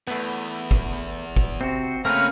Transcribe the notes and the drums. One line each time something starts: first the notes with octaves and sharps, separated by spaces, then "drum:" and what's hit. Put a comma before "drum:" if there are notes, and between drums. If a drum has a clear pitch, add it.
E2 A3 B3
drum: kick G1
drum: kick G1
C3 C4 F#4
C#3 A3 A#3 C4 C#4 A#4 B4 F6